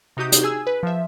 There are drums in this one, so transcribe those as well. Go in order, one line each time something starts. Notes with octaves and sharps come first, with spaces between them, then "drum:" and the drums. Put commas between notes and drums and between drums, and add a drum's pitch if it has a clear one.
C3 D#4 F#4 G4 D#6 G6
drum: hi-hat
G#4 G#5 E6 G#6
B4
F3 E5